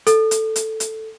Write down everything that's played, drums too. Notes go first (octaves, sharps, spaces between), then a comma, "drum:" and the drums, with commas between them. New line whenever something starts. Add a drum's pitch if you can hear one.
A4, drum: hi-hat
drum: hi-hat
drum: hi-hat
drum: hi-hat